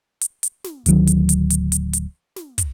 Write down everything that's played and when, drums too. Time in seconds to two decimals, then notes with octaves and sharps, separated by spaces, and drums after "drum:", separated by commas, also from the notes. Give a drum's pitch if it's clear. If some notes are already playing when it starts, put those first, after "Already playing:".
0.21 drum: hi-hat
0.43 drum: hi-hat
0.64 drum: snare
0.86 D1 D2 D#3 F#3, drum: hi-hat
1.07 drum: hi-hat
1.29 drum: hi-hat
1.50 drum: hi-hat
1.72 drum: hi-hat
1.93 drum: hi-hat
2.36 drum: snare
2.58 drum: kick, hi-hat